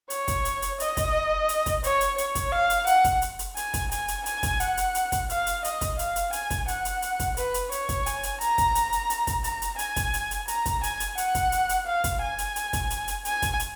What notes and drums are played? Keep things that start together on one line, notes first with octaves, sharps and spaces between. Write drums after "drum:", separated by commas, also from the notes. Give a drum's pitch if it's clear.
C#5, drum: hi-hat
drum: kick, hi-hat
drum: hi-hat
drum: hi-hat
D#5, drum: hi-hat
drum: kick, hi-hat
drum: hi-hat
drum: kick, hi-hat
C#5, drum: hi-hat
drum: hi-hat
C#5, drum: hi-hat
drum: kick, hi-hat
F5
drum: hi-hat
F#5, drum: hi-hat
drum: kick, hi-hat
drum: hi-hat
drum: hi-hat
G#5, drum: hi-hat
drum: kick, hi-hat
G#5, drum: hi-hat
drum: hi-hat
G#5, drum: hi-hat
drum: kick, hi-hat
F#5, drum: hi-hat
drum: hi-hat
drum: hi-hat
drum: kick, hi-hat
F5, drum: hi-hat
drum: hi-hat
D#5, drum: hi-hat
drum: kick, hi-hat
F5, drum: hi-hat
drum: hi-hat
G#5, drum: hi-hat
drum: kick, hi-hat
F#5, drum: hi-hat
drum: hi-hat
drum: hi-hat
drum: kick, hi-hat
B4, drum: hi-hat
drum: hi-hat
C#5, drum: hi-hat
drum: kick, hi-hat
G#5, drum: hi-hat
drum: hi-hat
A#5, drum: hi-hat
drum: kick, hi-hat
drum: hi-hat
drum: hi-hat
drum: hi-hat
drum: kick, hi-hat
A#5, drum: hi-hat
drum: hi-hat
G#5, drum: hi-hat
drum: kick, hi-hat
drum: hi-hat
drum: hi-hat
A#5, drum: hi-hat
drum: kick, hi-hat
G#5, drum: hi-hat
drum: hi-hat
F#5, drum: hi-hat
drum: kick, hi-hat
drum: hi-hat
drum: hi-hat
F5
drum: kick, hi-hat
G#5
drum: hi-hat
drum: hi-hat
drum: kick, hi-hat
drum: hi-hat
drum: hi-hat
G#5, drum: hi-hat
drum: kick, hi-hat
drum: hi-hat